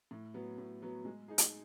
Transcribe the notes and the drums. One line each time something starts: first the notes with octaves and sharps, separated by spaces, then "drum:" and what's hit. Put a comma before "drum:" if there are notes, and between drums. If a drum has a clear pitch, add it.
A2
F#3 B3
A2
F#3 B3
G#3
D#4 G#4
drum: hi-hat